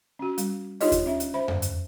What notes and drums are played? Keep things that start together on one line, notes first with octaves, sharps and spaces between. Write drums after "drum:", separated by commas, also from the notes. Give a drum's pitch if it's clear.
C#4 F#4
G3, drum: hi-hat
D4 D#4 F4 G4 C#5 D#5, drum: open hi-hat
drum: kick D#2, hi-hat
C#4 E5
drum: hi-hat
C5 E5 B5
drum: tom F2
drum: hi-hat